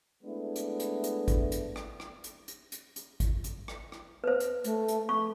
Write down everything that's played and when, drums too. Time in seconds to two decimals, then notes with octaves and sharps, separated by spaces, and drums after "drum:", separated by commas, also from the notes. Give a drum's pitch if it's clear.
0.23 G#3 A3 B3 D4 E4
0.56 drum: hi-hat
0.80 drum: hi-hat
1.04 drum: hi-hat
1.28 drum: kick, hi-hat
1.52 drum: hi-hat
1.76 drum: rim click
2.00 drum: rim click
2.24 drum: hi-hat
2.48 drum: hi-hat
2.72 drum: hi-hat
2.96 drum: hi-hat
3.20 drum: kick, hi-hat
3.44 drum: hi-hat
3.68 drum: rim click
3.92 drum: rim click
4.24 B4 C5
4.40 drum: hi-hat
4.64 A3, drum: hi-hat
4.88 drum: hi-hat
5.09 A3 C#6